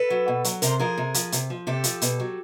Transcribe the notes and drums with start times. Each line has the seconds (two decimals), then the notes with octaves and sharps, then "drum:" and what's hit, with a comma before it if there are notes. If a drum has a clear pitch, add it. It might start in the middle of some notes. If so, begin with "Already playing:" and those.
Already playing: A4 B4
0.10 F#3
0.28 B2
0.44 F#3, drum: hi-hat
0.62 C3 A#4 C5, drum: hi-hat
0.79 F3 G#4 A#4
0.98 C3
1.14 F3, drum: hi-hat
1.32 C3, drum: hi-hat
1.50 F3
1.67 C3 G4 A4
1.84 F3, drum: hi-hat
2.02 B2, drum: hi-hat
2.20 F#3